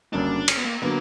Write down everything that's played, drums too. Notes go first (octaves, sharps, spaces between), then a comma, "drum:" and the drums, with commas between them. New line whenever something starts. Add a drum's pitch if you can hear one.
F#1 F#2 D3 G3 A#3 D4
C#4, drum: cymbal
B3
A#3
D3 F#3 A#3 B3